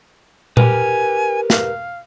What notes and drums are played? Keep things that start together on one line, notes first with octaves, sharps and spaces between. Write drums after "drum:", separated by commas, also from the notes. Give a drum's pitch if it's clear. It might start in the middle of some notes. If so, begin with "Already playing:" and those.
G4 A#4 B4 G#5, drum: tom A#2
F5, drum: snare